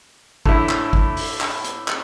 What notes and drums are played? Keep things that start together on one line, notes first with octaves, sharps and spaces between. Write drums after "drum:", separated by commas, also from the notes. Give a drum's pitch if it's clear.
A2 D3 E4, drum: kick
drum: clap
drum: kick
drum: open hi-hat
drum: clap
drum: hi-hat
drum: clap